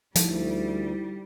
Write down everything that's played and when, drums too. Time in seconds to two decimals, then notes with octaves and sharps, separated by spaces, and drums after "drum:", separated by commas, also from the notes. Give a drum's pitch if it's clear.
0.16 D2 F3 G3 D#4 E4, drum: hi-hat